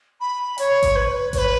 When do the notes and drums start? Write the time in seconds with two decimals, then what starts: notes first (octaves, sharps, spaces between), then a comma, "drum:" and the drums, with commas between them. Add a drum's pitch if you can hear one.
0.20 B5
0.58 C#5, drum: hi-hat
0.83 drum: kick G#1, hi-hat
0.95 B4
1.33 C#5, drum: kick G#1, hi-hat
1.38 B4